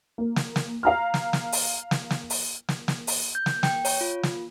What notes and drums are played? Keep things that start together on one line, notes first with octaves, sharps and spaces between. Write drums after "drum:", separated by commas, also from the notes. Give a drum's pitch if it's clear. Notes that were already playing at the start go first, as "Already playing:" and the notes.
A#3
drum: snare
drum: snare
F5 A#5 F6
drum: snare
drum: snare
drum: open hi-hat
drum: snare
drum: snare
drum: open hi-hat
drum: snare
drum: snare
drum: open hi-hat
G6
drum: snare
G5, drum: snare
C#5, drum: open hi-hat
F4
drum: snare